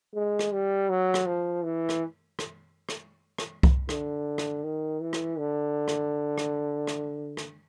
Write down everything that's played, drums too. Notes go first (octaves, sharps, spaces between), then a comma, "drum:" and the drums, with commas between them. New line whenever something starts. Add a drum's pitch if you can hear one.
G#3
drum: rim click
G3
F#3
drum: rim click
F3
E3
drum: rim click
drum: rim click
drum: rim click
drum: rim click
drum: kick C2
D3, drum: rim click
drum: rim click
D#3
E3
drum: rim click
D3
drum: rim click
drum: rim click
drum: rim click
drum: rim click